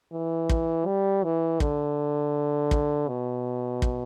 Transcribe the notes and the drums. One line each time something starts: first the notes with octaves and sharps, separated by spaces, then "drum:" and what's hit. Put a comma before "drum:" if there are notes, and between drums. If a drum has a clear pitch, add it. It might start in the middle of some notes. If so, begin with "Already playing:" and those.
E3
drum: kick
G3
E3
D3, drum: kick
drum: kick
B2
drum: kick